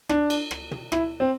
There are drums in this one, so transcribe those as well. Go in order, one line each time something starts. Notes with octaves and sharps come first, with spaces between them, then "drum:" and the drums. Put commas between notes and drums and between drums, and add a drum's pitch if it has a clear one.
D4, drum: rim click
drum: cymbal
drum: rim click
drum: tom
E4, drum: rim click
C4